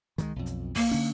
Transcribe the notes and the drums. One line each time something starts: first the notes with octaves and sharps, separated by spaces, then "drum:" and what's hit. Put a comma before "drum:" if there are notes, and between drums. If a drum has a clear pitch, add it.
D#3 G3 G#3, drum: kick, hi-hat
B1 F2
drum: hi-hat
A#3, drum: kick, open hi-hat
D3 C#4